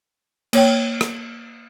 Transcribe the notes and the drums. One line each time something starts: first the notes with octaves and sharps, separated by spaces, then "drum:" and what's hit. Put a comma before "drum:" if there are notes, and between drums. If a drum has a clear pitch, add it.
A#3 C#5 G5, drum: cymbal
drum: rim click